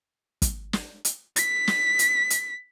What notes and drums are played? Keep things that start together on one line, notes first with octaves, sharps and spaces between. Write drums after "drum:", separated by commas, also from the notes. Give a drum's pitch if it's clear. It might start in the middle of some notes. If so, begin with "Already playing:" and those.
drum: kick, hi-hat
drum: snare
drum: hi-hat
B6, drum: hi-hat
drum: snare
drum: hi-hat
drum: hi-hat